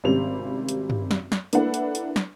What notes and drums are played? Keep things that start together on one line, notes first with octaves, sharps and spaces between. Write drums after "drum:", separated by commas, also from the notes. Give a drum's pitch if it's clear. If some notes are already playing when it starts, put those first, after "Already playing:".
G#1 C3 G3 C4 C#4 F7
drum: hi-hat
drum: tom
drum: snare
drum: snare
A#3 D4 E4 A4 B4 F#5, drum: hi-hat
drum: hi-hat
drum: hi-hat
drum: snare